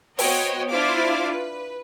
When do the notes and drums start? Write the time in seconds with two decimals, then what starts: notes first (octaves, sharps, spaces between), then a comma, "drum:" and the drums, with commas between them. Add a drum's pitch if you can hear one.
0.19 B3 F#4 C5 C#5 D#5 G5, drum: open hi-hat
0.70 D4 E4 F4 C5 F5 D6
1.29 B4